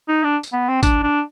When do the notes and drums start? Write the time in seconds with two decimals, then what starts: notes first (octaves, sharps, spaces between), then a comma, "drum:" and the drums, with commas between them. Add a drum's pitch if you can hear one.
0.09 D#4
0.24 D4
0.43 drum: tambourine
0.53 B3
0.69 C4
0.83 D4, drum: kick A1, tambourine
1.03 D4